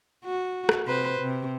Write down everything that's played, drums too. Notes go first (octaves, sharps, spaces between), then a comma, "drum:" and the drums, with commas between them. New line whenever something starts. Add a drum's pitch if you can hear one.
F#4
drum: rim click
C3 B4 C5
C3